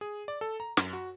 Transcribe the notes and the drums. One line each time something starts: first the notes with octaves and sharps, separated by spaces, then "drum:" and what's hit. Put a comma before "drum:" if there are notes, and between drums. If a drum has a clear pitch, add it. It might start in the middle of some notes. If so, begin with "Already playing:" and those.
G#4
D5
A4
A#5
F#2, drum: snare
F#4